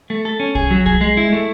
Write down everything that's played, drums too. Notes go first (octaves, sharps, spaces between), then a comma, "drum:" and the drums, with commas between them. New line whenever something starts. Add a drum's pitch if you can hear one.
A3
A4
C#4
G#4, drum: kick B1
F#3
G#4, drum: kick B1
G#3
E4
A3